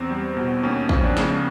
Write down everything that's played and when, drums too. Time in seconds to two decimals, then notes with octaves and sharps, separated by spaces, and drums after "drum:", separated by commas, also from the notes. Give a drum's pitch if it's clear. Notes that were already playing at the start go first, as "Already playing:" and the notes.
Already playing: E2 C4
0.10 G3
0.37 B2
0.63 D#2 C#4
0.89 F3, drum: kick
0.97 C#4
1.04 D4
1.17 C#3, drum: snare